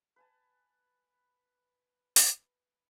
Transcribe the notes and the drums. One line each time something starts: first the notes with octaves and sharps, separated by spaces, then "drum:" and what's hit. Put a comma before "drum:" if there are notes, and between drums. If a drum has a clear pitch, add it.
B4 G#5 A5
drum: open hi-hat